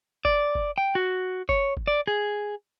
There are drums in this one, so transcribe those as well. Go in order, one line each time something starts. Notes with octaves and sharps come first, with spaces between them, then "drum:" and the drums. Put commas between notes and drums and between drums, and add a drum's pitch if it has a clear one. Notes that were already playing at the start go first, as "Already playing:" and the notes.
D5, drum: kick F#1
drum: kick F#1
G5
F#4
C#5, drum: kick F#1
drum: kick F#1
D5
G#4